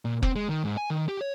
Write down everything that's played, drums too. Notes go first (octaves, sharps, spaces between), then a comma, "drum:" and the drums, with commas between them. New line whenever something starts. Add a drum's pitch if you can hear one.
A#2
C4, drum: kick F1
G#3
D#3
G#2
G#5
D#3
G4
C#5